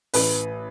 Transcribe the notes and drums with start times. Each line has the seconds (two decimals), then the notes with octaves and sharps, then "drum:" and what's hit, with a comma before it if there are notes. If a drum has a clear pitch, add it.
0.14 A1 B4, drum: open hi-hat